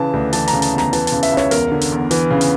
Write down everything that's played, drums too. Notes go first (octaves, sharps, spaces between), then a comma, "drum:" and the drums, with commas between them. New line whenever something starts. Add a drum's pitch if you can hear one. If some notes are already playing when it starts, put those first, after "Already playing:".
Already playing: C#3 E3 A5
D2
E3 A5, drum: hi-hat
A#5, drum: hi-hat
C#3
A5, drum: hi-hat
E2
A#5, drum: snare
E3 A5, drum: hi-hat
C#3 A5, drum: hi-hat
E5, drum: hi-hat
C#2
C#5, drum: snare
E2 A#4, drum: hi-hat
D3
drum: hi-hat
E2
E3, drum: hi-hat
C#3
drum: hi-hat